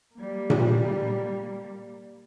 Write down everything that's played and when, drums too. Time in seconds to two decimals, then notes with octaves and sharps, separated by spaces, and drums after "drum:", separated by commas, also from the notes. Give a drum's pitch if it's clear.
0.15 G3 A#3
0.50 drum: tom A#2